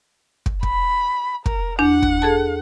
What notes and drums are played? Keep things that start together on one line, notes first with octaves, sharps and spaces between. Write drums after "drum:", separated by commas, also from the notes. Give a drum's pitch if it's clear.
drum: kick
B5, drum: kick
A#4, drum: kick
E2 D4 F#5 G6
drum: kick
G#4 A4 A5